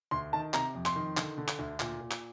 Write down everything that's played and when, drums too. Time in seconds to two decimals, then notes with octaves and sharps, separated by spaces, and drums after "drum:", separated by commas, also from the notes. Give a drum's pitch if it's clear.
0.11 D2 C6
0.33 D#3 A5
0.54 C3 A#5, drum: clap
0.75 F2
0.85 C6, drum: clap
0.96 D#3
1.17 D3, drum: clap
1.38 D3
1.48 drum: clap
1.59 D2
1.80 A#2, drum: clap
2.01 A#2
2.11 drum: clap